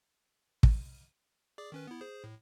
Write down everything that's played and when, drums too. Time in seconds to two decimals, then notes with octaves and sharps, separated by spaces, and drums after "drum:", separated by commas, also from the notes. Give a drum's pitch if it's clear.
0.63 drum: kick
1.58 G#4 D5 D6
1.72 D#3 C#4 B4
1.87 B3 E4
2.01 G#4 C5
2.24 A2